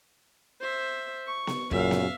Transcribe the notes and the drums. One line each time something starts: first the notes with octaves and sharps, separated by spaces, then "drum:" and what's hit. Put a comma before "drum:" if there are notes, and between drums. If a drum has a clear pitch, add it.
C5 E5
C#6
drum: snare B3
F#2 A#2 C#3 E5 F5, drum: kick
drum: snare B3